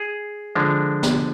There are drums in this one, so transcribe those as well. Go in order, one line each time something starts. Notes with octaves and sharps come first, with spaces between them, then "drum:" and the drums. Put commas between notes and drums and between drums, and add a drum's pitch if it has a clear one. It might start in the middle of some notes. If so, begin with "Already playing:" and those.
Already playing: G#4
D3 F3 G#3 D4
drum: snare